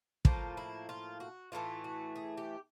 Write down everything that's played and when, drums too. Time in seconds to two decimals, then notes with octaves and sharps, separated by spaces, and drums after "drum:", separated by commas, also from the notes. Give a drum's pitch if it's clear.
0.25 A2 F3 A#3 F4, drum: kick
0.57 E4
0.89 F4
1.20 F#4
1.52 A2 E3 A3 F4
1.84 F#4
2.16 G#4
2.37 G4